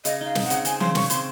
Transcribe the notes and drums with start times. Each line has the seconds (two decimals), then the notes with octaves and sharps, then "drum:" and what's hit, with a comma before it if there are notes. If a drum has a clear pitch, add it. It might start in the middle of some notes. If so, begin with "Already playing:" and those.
0.05 C#3 D#5, drum: hi-hat
0.21 D#4 F5
0.35 C4, drum: snare
0.45 F#5
0.50 C#3, drum: hi-hat
0.65 C4 G#5, drum: hi-hat
0.80 C#3 C6, drum: tom E3
0.95 C#3 C#6, drum: snare
1.10 C4 C6, drum: hi-hat